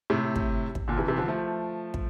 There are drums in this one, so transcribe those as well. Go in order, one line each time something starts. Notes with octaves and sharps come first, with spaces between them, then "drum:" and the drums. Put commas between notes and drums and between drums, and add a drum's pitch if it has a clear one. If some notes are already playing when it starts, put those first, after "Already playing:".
A2 C3
drum: kick
drum: kick
A#2 D3
C3 E3
C3 E3
D3 F3
F3 A3
drum: kick